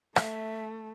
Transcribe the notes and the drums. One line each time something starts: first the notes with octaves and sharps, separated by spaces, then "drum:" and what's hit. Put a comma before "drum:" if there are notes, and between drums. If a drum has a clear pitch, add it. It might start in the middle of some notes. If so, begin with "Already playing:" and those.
A3 E5, drum: rim click